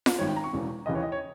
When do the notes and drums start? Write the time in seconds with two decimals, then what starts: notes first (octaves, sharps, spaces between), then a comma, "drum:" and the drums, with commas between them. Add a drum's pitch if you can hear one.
0.06 drum: snare F4
0.19 G#1 G2 D#3 C#5
0.27 G5
0.36 A#5
0.44 C#6
0.53 E1 E2 C#3
0.86 D#2 C#3 E3 D#5
0.95 C#5
1.03 D#5
1.12 C#5